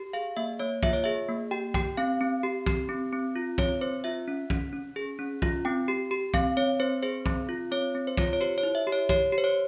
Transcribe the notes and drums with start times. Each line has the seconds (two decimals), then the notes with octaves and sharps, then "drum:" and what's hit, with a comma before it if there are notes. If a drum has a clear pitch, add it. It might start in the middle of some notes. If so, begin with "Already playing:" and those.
Already playing: G4
0.13 G#4 F5
0.37 A#3 E5
0.59 A#3 C#5
0.83 F4 E5, drum: kick
0.93 C#5
1.04 G#4 E5
1.29 A#3
1.51 G4 G5
1.74 G4 G5, drum: kick
1.97 C4 F5
2.21 C4
2.43 G4
2.66 G4, drum: kick
2.89 C4
3.12 C4
3.36 F4
3.58 C4 C#5, drum: kick
3.81 C4 C5
4.04 F4 E5
4.28 C#4
4.50 C#4, drum: kick
4.73 C#4
4.96 G#4
5.19 C#4
5.42 F4, drum: kick
5.65 C4 G5
5.88 G4
6.11 G4
6.34 C4 F5, drum: kick
6.57 C4 C#5
6.80 C4 C5
7.03 G#4 C5
7.26 C4, drum: kick
7.49 F4
7.72 C4 C#5
7.95 C4
8.07 C5
8.17 F4 C#5, drum: kick
8.33 C#5
8.41 G4 C5
8.58 C#5
8.63 E4
8.75 E5
8.87 G4
8.92 C#5
9.09 G4 C#5, drum: kick
9.32 G4
9.38 C5
9.44 C#5